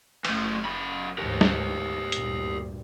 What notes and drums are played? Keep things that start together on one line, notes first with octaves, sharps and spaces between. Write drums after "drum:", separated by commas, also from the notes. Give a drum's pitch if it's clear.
F#1 E3 A3, drum: cymbal
F#2 B5
D2 G#2 E3 G4 A#4
drum: snare
D2 G2 A#2, drum: hi-hat